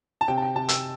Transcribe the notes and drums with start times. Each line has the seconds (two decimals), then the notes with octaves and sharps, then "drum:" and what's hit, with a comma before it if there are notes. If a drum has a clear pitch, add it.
0.21 A5
0.28 C3 G5
0.38 A5
0.42 G5
0.56 C3 A5
0.69 E6, drum: hi-hat